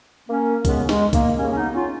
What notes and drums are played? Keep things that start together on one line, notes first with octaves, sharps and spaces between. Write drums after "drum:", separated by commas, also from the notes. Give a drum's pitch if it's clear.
A#3 C#4
D#2 C#3 G#3 B3, drum: kick B1, hi-hat
G#3, drum: snare D#4
A#3, drum: kick B1, hi-hat
D#2 C#3 A#3 C#4
C#4
B3 D#4
C#4 F4